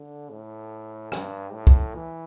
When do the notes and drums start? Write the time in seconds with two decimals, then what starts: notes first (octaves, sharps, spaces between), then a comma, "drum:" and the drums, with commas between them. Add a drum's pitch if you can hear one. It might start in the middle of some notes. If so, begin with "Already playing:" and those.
Already playing: D3
0.30 A2
1.12 G2, drum: rim click
1.53 A2
1.67 drum: kick
1.95 E3